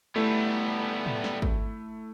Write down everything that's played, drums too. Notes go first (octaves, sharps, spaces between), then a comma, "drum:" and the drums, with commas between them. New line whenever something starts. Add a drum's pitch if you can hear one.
G3 A3 B3 E4
drum: tom A2
drum: snare
drum: kick